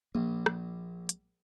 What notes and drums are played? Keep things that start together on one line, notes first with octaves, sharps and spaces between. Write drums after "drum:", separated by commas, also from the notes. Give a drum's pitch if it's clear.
A#1 A#3
drum: rim click
drum: hi-hat